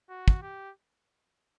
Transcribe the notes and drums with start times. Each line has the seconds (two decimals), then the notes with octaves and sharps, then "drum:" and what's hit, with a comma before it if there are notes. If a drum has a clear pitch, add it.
0.09 F#4
0.28 drum: kick
0.42 G4